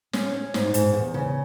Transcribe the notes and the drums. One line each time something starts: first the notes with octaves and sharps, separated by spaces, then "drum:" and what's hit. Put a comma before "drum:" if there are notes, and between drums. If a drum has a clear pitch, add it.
C#4, drum: snare
C#4
G#2, drum: snare
G#2, drum: hi-hat
E2
C#3